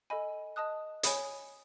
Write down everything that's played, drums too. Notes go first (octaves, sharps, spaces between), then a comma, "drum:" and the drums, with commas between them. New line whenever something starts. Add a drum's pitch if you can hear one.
A4 D#5 G#5 B5
D#5 A5 D#6 F#6
C#5 G#5 B5 D#6, drum: hi-hat